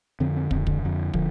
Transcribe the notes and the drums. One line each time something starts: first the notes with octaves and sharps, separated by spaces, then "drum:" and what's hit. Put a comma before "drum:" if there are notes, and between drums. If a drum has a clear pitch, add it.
F2 D3 C4
C4
F2 D3 C4, drum: kick
D3, drum: kick
F2 D3
D3 F3, drum: kick